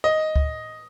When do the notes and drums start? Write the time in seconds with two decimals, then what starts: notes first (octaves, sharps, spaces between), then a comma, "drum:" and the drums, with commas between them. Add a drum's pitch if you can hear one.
0.04 D#5
0.36 drum: kick